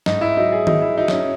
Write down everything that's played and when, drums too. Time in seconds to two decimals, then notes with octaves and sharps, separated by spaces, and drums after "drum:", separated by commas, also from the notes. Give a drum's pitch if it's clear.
0.06 G#2 D#4, drum: snare
0.21 E4
0.37 F#3 D#4
0.52 G#4
0.67 F#3 D#4, drum: tom D#3
0.82 E4
0.98 F#3 D#4
1.08 C#4, drum: snare
1.13 D#4